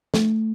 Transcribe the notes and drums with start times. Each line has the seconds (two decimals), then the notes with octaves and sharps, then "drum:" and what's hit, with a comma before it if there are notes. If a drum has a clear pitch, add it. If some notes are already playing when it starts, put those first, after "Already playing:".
0.14 A3, drum: snare